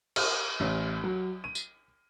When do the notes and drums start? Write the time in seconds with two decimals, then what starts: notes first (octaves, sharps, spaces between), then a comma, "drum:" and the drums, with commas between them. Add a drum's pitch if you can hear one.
0.16 F6, drum: cymbal
0.60 A1
1.04 F#3
1.44 D#7
1.55 drum: tambourine